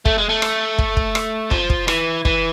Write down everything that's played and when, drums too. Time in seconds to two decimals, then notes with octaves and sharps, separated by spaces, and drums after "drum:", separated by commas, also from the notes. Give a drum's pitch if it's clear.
0.06 A3, drum: kick
0.18 G#3
0.29 A3
0.42 drum: rim click
0.79 drum: kick
0.97 drum: kick
1.15 drum: rim click
1.51 F3, drum: kick
1.70 drum: kick
1.88 E3, drum: rim click
2.25 E3, drum: kick